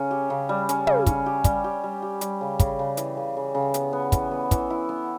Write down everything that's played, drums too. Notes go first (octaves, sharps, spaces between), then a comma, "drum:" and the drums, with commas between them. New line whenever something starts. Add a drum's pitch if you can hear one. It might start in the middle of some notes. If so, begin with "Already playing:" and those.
Already playing: C#3 C#4
G4
C#3
G3
C#4, drum: hi-hat
C#3, drum: tom
C#4, drum: kick, hi-hat
G4
G3, drum: kick, hi-hat
G4
G3
G4
G3, drum: hi-hat
C#3
C#3, drum: kick, hi-hat
C#3
E3, drum: hi-hat
C#3
C#3
C#3
B3, drum: hi-hat
B3
E3, drum: kick, hi-hat
B3
E3, drum: kick, hi-hat
E4
B3